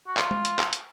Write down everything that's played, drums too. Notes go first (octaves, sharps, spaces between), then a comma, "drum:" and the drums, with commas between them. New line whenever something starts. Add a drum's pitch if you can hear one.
F#4
F4, drum: clap
drum: tom
drum: hi-hat
drum: clap
drum: hi-hat